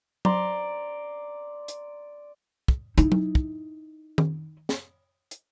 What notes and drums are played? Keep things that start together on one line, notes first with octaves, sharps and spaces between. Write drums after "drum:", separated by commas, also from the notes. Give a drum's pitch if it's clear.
D5 A#5 C6, drum: tom F#3
drum: hi-hat
drum: kick
D#4 E4, drum: hi-hat
drum: tom F#3
drum: kick
drum: tom D#3
drum: snare
drum: hi-hat